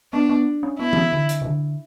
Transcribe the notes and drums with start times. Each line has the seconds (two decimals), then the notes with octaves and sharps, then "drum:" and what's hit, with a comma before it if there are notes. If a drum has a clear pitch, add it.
0.13 B3 D4
0.29 B3
0.63 C#4
0.79 B3 E4
0.93 drum: tom E3
1.13 D3
1.29 drum: hi-hat
1.42 C#3
1.45 D3